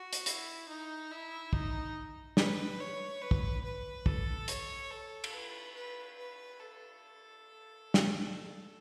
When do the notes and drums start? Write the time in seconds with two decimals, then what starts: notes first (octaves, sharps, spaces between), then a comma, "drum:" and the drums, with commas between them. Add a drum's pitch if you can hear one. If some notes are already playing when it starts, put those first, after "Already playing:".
Already playing: F#4
0.13 drum: hi-hat
0.26 E4, drum: hi-hat
0.68 D#4
1.11 E4
1.53 D#4, drum: kick
2.37 B4, drum: snare
2.79 C#5
3.21 B4
3.31 drum: kick
3.64 B4
4.06 A4, drum: kick
4.48 C#5, drum: hi-hat
4.91 A4
5.24 drum: cymbal
5.33 B4
5.75 B4
6.17 B4
6.59 A4
7.94 drum: snare